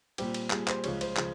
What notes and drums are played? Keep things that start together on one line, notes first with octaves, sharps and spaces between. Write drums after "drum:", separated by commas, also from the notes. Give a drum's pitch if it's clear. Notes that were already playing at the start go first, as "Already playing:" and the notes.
A#2 G3 C4 G4, drum: cymbal
drum: cymbal
A#2 G3 C4 G#4, drum: clap
C5, drum: clap
C#2 C#3 F3 C#5, drum: cymbal
C5, drum: cymbal
C#3 F3, drum: clap